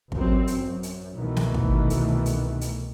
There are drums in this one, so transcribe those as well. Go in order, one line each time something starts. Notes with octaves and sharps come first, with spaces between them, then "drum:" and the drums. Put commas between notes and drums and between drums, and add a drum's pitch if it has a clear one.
A1 F#2 C4, drum: kick
drum: hi-hat
F#2
drum: hi-hat
C2 B2 D#3 E3 A3
drum: snare
drum: kick
drum: hi-hat
drum: hi-hat
drum: hi-hat